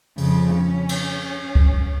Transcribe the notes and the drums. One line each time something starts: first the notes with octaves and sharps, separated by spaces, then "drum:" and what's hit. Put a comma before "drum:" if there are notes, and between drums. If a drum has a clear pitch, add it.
F2 C#3, drum: open hi-hat
C#4
drum: cymbal
drum: kick C#2